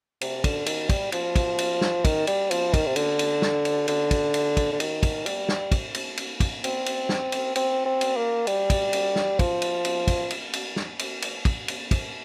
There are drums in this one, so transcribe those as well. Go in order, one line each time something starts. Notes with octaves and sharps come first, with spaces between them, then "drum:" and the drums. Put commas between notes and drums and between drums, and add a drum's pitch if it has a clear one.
C3, drum: cymbal
D3, drum: kick, cymbal
D#3, drum: cymbal
G3, drum: kick, cymbal
F3, drum: cymbal
drum: kick, cymbal
drum: cymbal
drum: snare
D#3, drum: kick, cymbal
G3, drum: cymbal
F3, drum: cymbal
D#3, drum: kick, cymbal
C3
D3, drum: cymbal
drum: cymbal
drum: snare
drum: cymbal
D3, drum: cymbal
drum: kick, cymbal
drum: cymbal
drum: kick, cymbal
D3
D#3, drum: cymbal
drum: kick, cymbal
G3, drum: cymbal
drum: snare
drum: kick, cymbal
drum: cymbal
drum: cymbal
drum: kick, cymbal
C4, drum: cymbal
drum: cymbal
drum: snare
drum: cymbal
C4, drum: cymbal
C4
drum: cymbal
A#3
G3, drum: cymbal
drum: kick, cymbal
drum: cymbal
drum: snare
F3, drum: kick, cymbal
drum: cymbal
drum: cymbal
drum: kick, cymbal
drum: cymbal
drum: cymbal
drum: snare
drum: cymbal
drum: cymbal
drum: kick, cymbal
drum: cymbal
drum: kick, cymbal